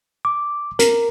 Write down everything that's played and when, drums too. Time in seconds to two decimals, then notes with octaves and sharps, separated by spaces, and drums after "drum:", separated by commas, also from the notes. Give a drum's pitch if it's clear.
0.25 D6
0.79 A#4, drum: hi-hat